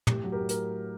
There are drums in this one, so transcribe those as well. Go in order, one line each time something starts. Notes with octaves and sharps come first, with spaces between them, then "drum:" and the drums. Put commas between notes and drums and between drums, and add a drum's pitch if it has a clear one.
A2 G4, drum: tom
F#3
G4 A#4
A2
A#4, drum: hi-hat